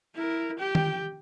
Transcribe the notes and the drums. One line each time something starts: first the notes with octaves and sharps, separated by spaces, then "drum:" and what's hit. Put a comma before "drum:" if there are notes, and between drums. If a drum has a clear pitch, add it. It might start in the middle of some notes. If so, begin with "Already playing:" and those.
E4 A#4
G4 G5
drum: tom D#3